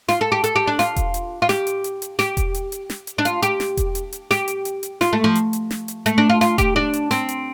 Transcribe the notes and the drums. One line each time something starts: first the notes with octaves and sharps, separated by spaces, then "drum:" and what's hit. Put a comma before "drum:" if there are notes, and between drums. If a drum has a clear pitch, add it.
F4, drum: snare
A4
G4
A4, drum: hi-hat
G4
D4
F4, drum: snare
drum: kick E1, hi-hat
drum: hi-hat
F4
G4, drum: snare
drum: hi-hat
drum: hi-hat
drum: hi-hat
G4, drum: snare
drum: kick E1, hi-hat
drum: hi-hat
drum: hi-hat
drum: snare
drum: hi-hat
D4
F4, drum: hi-hat
G4, drum: hi-hat
drum: snare
drum: kick E1, hi-hat
drum: hi-hat
drum: hi-hat
G4, drum: snare
drum: hi-hat
drum: hi-hat
drum: hi-hat
F4, drum: snare
A3
F3
drum: hi-hat
drum: hi-hat
drum: snare
drum: hi-hat
A3, drum: hi-hat
D4
F4
F4, drum: snare
G4, drum: kick E1, hi-hat
D4
drum: hi-hat
C4, drum: snare
drum: hi-hat